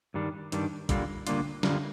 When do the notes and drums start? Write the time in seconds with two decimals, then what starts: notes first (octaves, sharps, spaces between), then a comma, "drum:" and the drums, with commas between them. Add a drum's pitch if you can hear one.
0.14 G2 D#3 G3 D4
0.52 G2 D#3 G3 D4, drum: hi-hat
0.89 D3 G3 A#3 D4 F4, drum: kick A1, hi-hat
1.27 D3 G3 A#3 D4 F4, drum: hi-hat
1.63 D3 G3 A#3 D4 F4, drum: snare